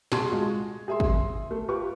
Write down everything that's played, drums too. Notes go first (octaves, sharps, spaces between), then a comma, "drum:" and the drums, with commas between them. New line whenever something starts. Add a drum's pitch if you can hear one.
C2 G#4 A5 C6 C#6 G#6, drum: snare
G#3 F4 F#4
G#4 E5 C6
drum: kick
A3
F4 G4 B4 C#6